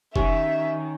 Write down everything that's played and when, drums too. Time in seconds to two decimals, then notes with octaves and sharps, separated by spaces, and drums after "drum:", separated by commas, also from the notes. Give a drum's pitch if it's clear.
0.16 D#3 C#4 G4 E5, drum: kick